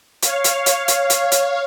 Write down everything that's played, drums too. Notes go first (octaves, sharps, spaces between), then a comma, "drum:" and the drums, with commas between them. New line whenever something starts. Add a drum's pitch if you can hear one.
C#5 F5, drum: hi-hat
drum: hi-hat
drum: hi-hat
drum: hi-hat
drum: hi-hat
drum: hi-hat